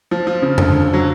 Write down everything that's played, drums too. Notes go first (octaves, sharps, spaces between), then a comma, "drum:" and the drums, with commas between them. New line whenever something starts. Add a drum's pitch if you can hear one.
F3
F3
C#3
D3, drum: tom F2
F#3